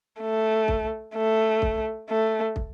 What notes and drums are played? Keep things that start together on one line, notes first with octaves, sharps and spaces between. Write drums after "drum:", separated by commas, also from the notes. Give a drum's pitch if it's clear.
A3
drum: kick
A3
drum: kick
A3
drum: kick